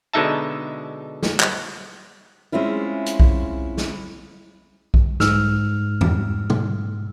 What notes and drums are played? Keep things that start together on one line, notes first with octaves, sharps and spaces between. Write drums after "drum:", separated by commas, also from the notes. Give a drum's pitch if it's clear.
B2 D3 G#3 D#4 E5 A5
drum: snare
drum: clap
G#3 C4 C#4 E4 F4
drum: hi-hat
drum: kick B1
drum: snare
drum: kick B1
G#2 E6 F6, drum: snare
drum: tom E2
drum: tom